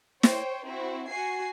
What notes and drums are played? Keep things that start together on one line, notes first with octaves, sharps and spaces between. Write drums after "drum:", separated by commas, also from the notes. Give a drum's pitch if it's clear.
C5 C#5 G5, drum: snare
C4 E4 F#4
F#4 G#5 C7